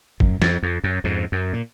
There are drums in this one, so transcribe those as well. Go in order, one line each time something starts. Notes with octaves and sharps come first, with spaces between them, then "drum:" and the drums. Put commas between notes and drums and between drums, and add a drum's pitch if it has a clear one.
F#2, drum: kick
F2, drum: snare F3
F2
F#2
F2 G#2
F#2
A#2